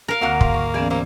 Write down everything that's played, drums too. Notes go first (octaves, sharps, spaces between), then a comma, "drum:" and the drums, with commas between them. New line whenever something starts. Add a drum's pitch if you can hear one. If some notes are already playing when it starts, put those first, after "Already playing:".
A#4 F5 F6
D2 D3 A#3 C4 F#4 F#5
G#2, drum: kick
C#6
E3 G3 B3 C#4 G#4
A#2 G3 A#3 C5